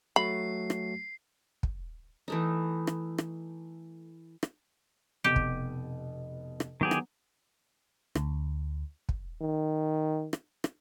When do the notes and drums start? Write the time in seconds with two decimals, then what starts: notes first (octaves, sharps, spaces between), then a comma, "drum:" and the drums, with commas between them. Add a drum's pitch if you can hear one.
0.16 F#3 A3 F#4 B5 C7
0.70 drum: rim click
1.63 drum: kick
2.28 E3 A3 D#4
2.87 drum: rim click
3.18 drum: rim click
4.43 drum: rim click
5.24 F1 B2 G4 D#7
5.36 drum: kick
6.60 drum: rim click
6.81 D#3 F#3 B3 G4 G#4
6.91 drum: rim click
8.15 D2, drum: rim click
9.09 drum: kick
9.42 D#3
10.33 drum: rim click
10.64 drum: rim click